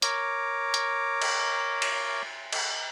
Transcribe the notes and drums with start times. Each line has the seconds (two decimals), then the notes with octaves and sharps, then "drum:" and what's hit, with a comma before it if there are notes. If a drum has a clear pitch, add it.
0.02 A#4 C#5 D6, drum: hi-hat
0.74 drum: hi-hat
1.22 drum: cymbal
1.82 drum: cymbal
2.52 drum: cymbal